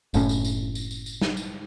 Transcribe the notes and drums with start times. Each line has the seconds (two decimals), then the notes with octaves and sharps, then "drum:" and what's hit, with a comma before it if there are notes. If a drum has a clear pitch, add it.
0.14 F#1 A2 C#4, drum: tambourine
0.29 drum: tambourine
0.45 drum: tambourine
0.75 drum: tambourine
0.91 drum: tambourine
1.06 drum: tambourine
1.21 drum: snare
1.37 drum: tambourine